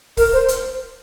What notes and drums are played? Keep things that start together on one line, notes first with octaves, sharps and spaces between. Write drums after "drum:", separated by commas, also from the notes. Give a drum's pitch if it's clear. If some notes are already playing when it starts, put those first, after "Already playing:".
A#4, drum: kick, open hi-hat
C5
drum: hi-hat